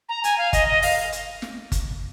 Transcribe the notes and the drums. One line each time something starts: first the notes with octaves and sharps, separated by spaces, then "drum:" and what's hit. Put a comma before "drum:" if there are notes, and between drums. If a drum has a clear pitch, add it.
A#5
G#5, drum: hi-hat
F5
D#5, drum: kick G1, hi-hat
D#5
F5, drum: open hi-hat
drum: hi-hat
drum: snare
drum: kick G1, hi-hat